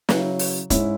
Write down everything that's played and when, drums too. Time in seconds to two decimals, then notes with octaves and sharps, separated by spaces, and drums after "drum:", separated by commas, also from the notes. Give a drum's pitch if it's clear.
0.09 C#3 F#3 C#4 E4, drum: snare
0.39 drum: open hi-hat
0.70 G#2 G#3 C#4 E4, drum: kick, hi-hat